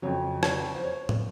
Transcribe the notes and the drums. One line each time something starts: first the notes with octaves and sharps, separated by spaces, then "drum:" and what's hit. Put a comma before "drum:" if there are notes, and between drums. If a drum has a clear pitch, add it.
F2 C#3 F#3 C#5
C#5, drum: rim click
C5
C#5
drum: tom